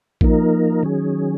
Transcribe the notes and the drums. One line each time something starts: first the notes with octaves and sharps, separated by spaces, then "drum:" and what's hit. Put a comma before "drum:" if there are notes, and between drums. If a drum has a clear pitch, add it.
F3 A#3 D#4 A#4, drum: kick A1
D#3 F#3 C#4 G#4